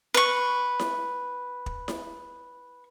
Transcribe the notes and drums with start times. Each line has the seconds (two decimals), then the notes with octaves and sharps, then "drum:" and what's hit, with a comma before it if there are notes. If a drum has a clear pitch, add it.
0.14 B4 C#6
0.79 drum: snare E4
1.66 drum: kick
1.88 drum: snare E4